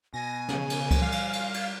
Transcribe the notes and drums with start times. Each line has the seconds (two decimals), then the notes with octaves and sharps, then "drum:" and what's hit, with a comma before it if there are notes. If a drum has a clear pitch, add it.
0.14 B2 G#5 A#6
0.49 C#3, drum: snare
0.70 drum: cymbal
0.91 drum: kick C#2, cymbal
1.02 G3 F5
1.12 drum: cymbal
1.33 drum: cymbal
1.54 drum: cymbal